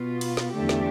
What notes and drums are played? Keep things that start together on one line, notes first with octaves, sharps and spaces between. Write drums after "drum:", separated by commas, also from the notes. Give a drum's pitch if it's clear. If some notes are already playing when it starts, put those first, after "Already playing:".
Already playing: B2 B3 F4
drum: cymbal
drum: snare
E2 D3 A3 D4 G4
drum: snare